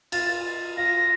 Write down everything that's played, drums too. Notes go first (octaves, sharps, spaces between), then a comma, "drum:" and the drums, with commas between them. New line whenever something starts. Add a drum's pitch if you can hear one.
F4 A6, drum: cymbal
F4 A#6